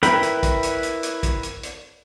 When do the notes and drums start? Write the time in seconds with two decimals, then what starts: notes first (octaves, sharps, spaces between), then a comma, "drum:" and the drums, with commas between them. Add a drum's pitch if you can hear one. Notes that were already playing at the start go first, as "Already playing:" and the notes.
0.03 E4 A#4 B4 G5 B5, drum: hi-hat
0.23 drum: hi-hat
0.43 drum: kick, hi-hat
0.63 drum: hi-hat
0.83 drum: hi-hat
1.03 drum: hi-hat
1.23 drum: kick, hi-hat
1.43 drum: hi-hat
1.63 drum: hi-hat